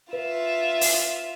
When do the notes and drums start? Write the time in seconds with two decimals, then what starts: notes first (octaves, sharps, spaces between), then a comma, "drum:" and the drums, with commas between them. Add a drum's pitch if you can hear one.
0.13 F4 B4 E5
0.81 drum: open hi-hat